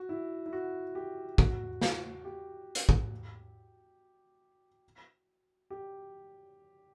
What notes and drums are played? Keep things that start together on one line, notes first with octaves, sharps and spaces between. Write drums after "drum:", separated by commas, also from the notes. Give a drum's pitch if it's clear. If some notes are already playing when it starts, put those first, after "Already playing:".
Already playing: F#4
E4
E4
F#4
G4
F#4, drum: kick
F#4, drum: snare
G4
drum: hi-hat
drum: kick
G4